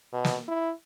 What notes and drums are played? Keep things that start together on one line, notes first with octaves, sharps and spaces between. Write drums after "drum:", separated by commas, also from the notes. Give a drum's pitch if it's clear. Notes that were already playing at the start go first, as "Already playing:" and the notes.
B2
drum: snare
E4